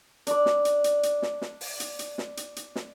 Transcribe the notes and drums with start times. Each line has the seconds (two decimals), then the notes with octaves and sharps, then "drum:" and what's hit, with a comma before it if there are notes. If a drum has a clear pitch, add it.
0.27 D4 D5, drum: hi-hat
0.46 drum: snare
0.65 drum: hi-hat
0.84 drum: hi-hat
1.03 drum: hi-hat
1.22 drum: snare
1.42 drum: snare
1.61 drum: open hi-hat
1.80 drum: hi-hat
1.99 drum: hi-hat
2.18 drum: snare
2.37 drum: hi-hat
2.56 drum: hi-hat
2.76 drum: snare